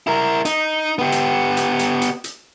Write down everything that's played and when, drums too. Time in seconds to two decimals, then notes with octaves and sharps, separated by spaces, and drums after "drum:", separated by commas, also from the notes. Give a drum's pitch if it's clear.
0.07 E4 A#4
0.45 D#4, drum: hi-hat
0.98 B3 G4
1.12 drum: hi-hat
1.57 drum: hi-hat
1.79 drum: hi-hat
2.02 drum: hi-hat
2.24 drum: hi-hat